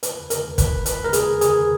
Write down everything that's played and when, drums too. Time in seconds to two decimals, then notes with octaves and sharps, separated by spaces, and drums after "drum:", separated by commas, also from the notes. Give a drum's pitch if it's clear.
0.03 B4, drum: hi-hat
0.30 A#4, drum: hi-hat
0.58 B4, drum: kick, hi-hat
0.86 B4, drum: hi-hat
1.04 A#4
1.13 G#4, drum: hi-hat
1.41 G#4, drum: hi-hat